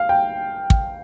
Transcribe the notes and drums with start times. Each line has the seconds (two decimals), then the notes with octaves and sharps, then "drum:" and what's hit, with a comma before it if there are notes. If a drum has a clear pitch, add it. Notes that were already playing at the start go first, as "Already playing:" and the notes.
Already playing: F5
0.09 G5
0.70 drum: kick